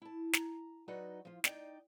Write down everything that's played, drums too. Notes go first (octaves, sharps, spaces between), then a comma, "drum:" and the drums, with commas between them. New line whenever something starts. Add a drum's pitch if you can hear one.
E4 A5
A#5, drum: snare
F#3 D#4 F#4 B4 D5 D#5
F3 F4
D#4 D5 G5, drum: snare